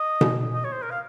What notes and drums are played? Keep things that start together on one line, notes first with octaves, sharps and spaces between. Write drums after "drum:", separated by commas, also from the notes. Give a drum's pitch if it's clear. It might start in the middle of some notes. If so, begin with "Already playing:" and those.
Already playing: D#5
drum: tom B2
D#5
C#5
C5
A#4
F5